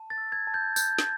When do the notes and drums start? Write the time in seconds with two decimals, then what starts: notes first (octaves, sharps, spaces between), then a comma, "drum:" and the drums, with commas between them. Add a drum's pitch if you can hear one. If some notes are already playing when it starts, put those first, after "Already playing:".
Already playing: A5
0.10 A6
0.18 E6
0.32 G#6
0.47 A5
0.54 G6
0.76 G6, drum: tambourine
0.99 drum: snare